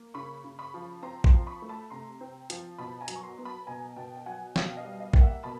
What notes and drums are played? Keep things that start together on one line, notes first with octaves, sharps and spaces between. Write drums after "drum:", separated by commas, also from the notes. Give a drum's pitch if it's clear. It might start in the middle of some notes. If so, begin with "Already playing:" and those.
Already playing: A#3
C#3 B5 C#6
C#3
B5 C#6
F3
C4 A#5 C6
A#5 C6, drum: kick
F3
B5 C#6
A3
A5 B5
C3 A#5 C6
C4
F3, drum: hi-hat
B2 A5 B5
G#5 A#5
F#3, drum: hi-hat
C#6
A#5 C6
B3
A5 B5
B2 G#5 A#5
B2 G5 A5
G5
F#3 F#5 G#5
B2 F5 G5, drum: snare
D#5 F5
G3
D#5 F5
A#3 G5, drum: kick
E5 F#5
B2 A5 B5